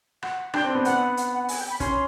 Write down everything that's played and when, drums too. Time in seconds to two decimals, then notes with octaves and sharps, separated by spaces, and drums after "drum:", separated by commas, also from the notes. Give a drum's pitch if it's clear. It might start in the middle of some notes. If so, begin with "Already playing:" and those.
0.22 F#5, drum: rim click
0.53 D4 G5, drum: rim click
0.64 C4
0.75 B3
0.85 B3 F#5, drum: hi-hat
1.17 F#5, drum: hi-hat
1.33 F#5
1.48 G#5, drum: open hi-hat
1.59 G5
1.70 B5
1.80 C#4 C6, drum: kick, hi-hat